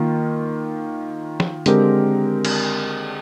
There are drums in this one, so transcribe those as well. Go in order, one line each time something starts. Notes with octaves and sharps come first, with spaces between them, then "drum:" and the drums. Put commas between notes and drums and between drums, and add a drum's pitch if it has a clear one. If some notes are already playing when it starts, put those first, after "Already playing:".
Already playing: D#3 A#3 F4
drum: snare
D3 G#3 C4 G4 A#4, drum: hi-hat
drum: cymbal